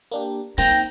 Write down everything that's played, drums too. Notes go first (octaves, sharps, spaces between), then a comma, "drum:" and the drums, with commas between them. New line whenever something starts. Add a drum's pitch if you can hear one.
A#3 D4 G4
A#3 C4 D#4 G5 A#5, drum: open hi-hat